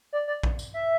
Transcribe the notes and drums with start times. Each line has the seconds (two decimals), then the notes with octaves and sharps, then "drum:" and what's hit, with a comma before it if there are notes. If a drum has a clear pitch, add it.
0.13 D5
0.27 D5
0.43 drum: kick A#1
0.59 drum: tambourine
0.74 E5